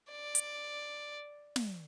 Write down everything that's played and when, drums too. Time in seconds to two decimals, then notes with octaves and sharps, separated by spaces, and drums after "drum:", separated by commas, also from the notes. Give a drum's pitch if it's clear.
0.12 D5
0.35 drum: hi-hat
1.56 drum: snare